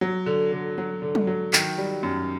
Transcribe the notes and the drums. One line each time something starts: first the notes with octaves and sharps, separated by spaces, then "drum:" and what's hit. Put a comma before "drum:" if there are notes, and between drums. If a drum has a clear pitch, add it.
F#3
D3
D3
F#3
D3
drum: tom F#3
F#3
D#3, drum: clap
G3
F#2